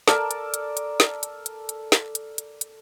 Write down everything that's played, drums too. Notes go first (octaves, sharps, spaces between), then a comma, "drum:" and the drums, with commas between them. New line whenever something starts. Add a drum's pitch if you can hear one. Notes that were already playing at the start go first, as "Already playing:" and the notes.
A4 A#4 D5 A5, drum: snare
drum: hi-hat
drum: hi-hat
drum: hi-hat
drum: snare
drum: hi-hat
drum: hi-hat
drum: hi-hat
drum: snare
drum: hi-hat
drum: hi-hat
drum: hi-hat